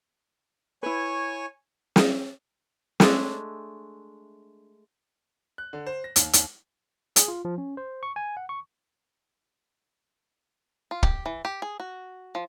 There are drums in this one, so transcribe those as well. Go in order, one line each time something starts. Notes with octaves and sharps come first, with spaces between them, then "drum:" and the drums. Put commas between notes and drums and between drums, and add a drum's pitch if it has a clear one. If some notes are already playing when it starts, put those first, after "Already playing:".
E4 B4 C#5 G#5 C#6
drum: snare
G#3 A3 D4 E5, drum: snare
F#6
D3
C5
A#6
D#2, drum: hi-hat
D#2, drum: hi-hat
G#4, drum: hi-hat
F4
F3
C#4
C5
C#6
G#5
F#5
C#6
F4
G4, drum: kick
E3
G4
G#4
F#4
F3